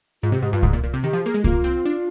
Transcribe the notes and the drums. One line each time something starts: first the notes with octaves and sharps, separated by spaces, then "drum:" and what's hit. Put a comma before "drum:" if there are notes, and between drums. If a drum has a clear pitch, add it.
G#2 F4
C3 G4
G#2 G4
G2 F4
G#2, drum: kick C2
A#2
A#2
C3
D#3 G4
F3
A#3 G#4
G#3
A#3 F4, drum: kick C2
C4
D4